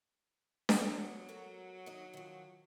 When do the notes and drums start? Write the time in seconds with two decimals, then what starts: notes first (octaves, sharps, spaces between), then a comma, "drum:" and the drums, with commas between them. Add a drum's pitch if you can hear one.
0.69 drum: snare D4
0.79 F#3 B3
1.29 F#4 A4 A#4
1.86 D#3 D#4 D#5
2.14 D#3 F3